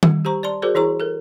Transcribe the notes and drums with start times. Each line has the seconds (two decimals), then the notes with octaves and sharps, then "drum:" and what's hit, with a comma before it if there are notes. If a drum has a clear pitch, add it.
0.03 G3, drum: tom D#3
0.25 G4 C5 A#5 C#6
0.43 D5 A5 C6
0.62 F#4 G#4 A#4 C5 D5
0.75 E3 E4 G#4 A#5 C#6
1.00 A4 A#4